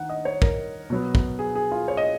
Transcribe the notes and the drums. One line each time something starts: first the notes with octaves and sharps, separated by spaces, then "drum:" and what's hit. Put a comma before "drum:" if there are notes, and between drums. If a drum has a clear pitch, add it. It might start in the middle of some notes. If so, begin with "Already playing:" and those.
Already playing: D#3 F#5
D#5
C#5
A#4, drum: kick
B2 F#3 B3
drum: kick
G#4
G#4
F4
C#5
D#5